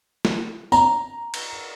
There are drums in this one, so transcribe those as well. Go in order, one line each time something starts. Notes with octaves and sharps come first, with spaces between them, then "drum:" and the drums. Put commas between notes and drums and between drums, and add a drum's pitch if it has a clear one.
drum: snare
A#5, drum: tambourine
drum: cymbal